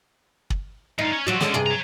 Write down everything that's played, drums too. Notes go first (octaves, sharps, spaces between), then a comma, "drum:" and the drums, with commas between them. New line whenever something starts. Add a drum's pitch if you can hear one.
drum: kick
G2 D#4 F4
C#4 C#5
F3 F#3 F#4 D5 E5
D3 G#3 C#4, drum: snare
G2 C3 G#4
C#5 A#5